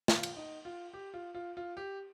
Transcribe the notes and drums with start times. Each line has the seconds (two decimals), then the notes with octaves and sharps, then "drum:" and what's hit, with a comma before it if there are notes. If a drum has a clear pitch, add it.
0.08 F4, drum: snare
0.23 drum: cymbal
0.37 D#4
0.65 F4
0.93 G4
1.14 F4
1.35 F4
1.57 F4
1.77 G4